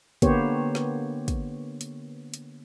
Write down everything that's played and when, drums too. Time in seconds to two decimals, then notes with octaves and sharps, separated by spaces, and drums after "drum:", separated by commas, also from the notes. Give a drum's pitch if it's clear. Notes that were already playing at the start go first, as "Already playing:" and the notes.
0.22 D3 A#3 B3 G4 C5 C#5, drum: kick, hi-hat
0.75 drum: snare
1.28 drum: kick, hi-hat
1.81 drum: hi-hat
2.34 drum: hi-hat